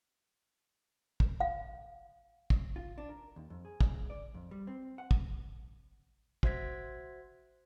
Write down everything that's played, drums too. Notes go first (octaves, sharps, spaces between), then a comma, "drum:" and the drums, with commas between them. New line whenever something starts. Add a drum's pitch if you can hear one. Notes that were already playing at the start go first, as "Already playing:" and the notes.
drum: kick
F5
drum: kick
F4
D4
A#4
D#2
F2
G#4
drum: kick
C#2
D5
F2
G3
C4
F#5
drum: kick
F#4 C5 E5 G#6 B6, drum: kick